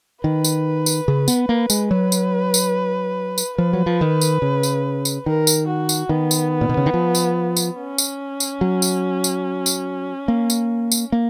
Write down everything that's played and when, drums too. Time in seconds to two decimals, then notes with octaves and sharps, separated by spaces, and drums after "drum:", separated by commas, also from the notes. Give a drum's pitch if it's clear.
0.23 D#3 B4
0.44 drum: tambourine
0.86 drum: tambourine
1.08 C#3
1.28 B3, drum: tambourine
1.49 A#3
1.70 G#3, drum: tambourine
1.91 F#3 B4
2.12 drum: tambourine
2.54 drum: tambourine
3.38 drum: tambourine
3.58 F3 B4
3.73 F#3
3.86 F3
4.01 D#3
4.21 drum: tambourine
4.42 C#3
4.63 drum: tambourine
5.05 drum: tambourine
5.26 D#3 A#4
5.47 drum: tambourine
5.67 F#4
5.89 drum: tambourine
6.09 D#3 B3
6.31 drum: tambourine
6.61 A#2
6.69 B2
6.77 C#3
6.86 D#3
6.94 F3
7.15 drum: tambourine
7.57 drum: tambourine
7.78 C#4
7.98 drum: tambourine
8.40 drum: tambourine
8.61 F#3
8.82 drum: tambourine
9.24 drum: tambourine
9.66 drum: tambourine
10.28 A#3
10.50 drum: tambourine
10.92 drum: tambourine
11.12 A#3